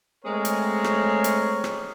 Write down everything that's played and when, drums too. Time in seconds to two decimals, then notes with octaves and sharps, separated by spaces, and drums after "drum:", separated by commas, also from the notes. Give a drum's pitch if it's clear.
0.25 G#3 A3 C4 G#4 A#4 C#5
0.45 drum: hi-hat
0.84 drum: rim click
1.24 drum: hi-hat
1.64 drum: rim click